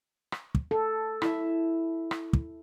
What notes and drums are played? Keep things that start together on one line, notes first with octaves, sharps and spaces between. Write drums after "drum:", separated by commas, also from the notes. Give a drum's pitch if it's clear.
drum: rim click
drum: kick
A4
E4 E5, drum: rim click
drum: rim click
drum: kick